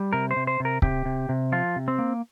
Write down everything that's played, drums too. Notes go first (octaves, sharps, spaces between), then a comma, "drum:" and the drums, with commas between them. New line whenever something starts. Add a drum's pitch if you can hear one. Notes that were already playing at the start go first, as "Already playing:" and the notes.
Already playing: G3
C3 A#4
C5
C3
C5
C3
A#4
C3 G4, drum: kick C#1
C3
C3
F3 F4
C3
C4
A#3